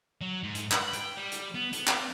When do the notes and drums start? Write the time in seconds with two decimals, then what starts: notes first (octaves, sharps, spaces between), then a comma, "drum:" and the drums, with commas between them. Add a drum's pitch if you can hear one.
0.21 F#3
0.43 G#2
0.55 drum: hi-hat
0.71 B5, drum: clap
0.93 G5, drum: hi-hat
1.17 G3
1.32 drum: hi-hat
1.55 B3
1.73 B3, drum: hi-hat
1.88 C4, drum: clap